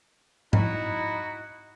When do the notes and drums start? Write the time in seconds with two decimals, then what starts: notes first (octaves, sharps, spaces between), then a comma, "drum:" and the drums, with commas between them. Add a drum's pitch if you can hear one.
0.53 D#4 E4 F#4, drum: tom G#2